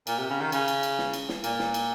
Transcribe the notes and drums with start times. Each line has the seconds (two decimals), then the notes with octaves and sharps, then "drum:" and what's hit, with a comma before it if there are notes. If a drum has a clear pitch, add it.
0.07 A#2, drum: cymbal
0.18 C3
0.30 C#3
0.41 D#3
0.52 C#3, drum: cymbal
0.68 drum: cymbal
0.83 drum: cymbal
0.98 drum: snare
1.14 drum: cymbal
1.29 drum: snare
1.44 A#2, drum: cymbal
1.59 drum: snare
1.74 drum: cymbal